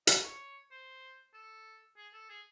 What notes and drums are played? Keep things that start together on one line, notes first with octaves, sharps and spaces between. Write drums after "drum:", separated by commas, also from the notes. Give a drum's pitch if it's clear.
D#5, drum: hi-hat
C#5
C5
A4
G#4
A4
G#4